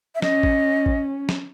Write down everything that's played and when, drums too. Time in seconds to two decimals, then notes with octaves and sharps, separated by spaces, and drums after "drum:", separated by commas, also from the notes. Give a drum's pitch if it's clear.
0.15 E5
0.22 C#4 D#5, drum: snare
0.43 drum: kick A1
0.86 drum: kick A1
1.29 drum: snare